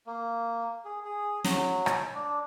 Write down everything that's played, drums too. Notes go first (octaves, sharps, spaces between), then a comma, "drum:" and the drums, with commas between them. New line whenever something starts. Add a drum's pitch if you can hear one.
A#3
G#4
G#4
F#3, drum: snare
drum: rim click
D4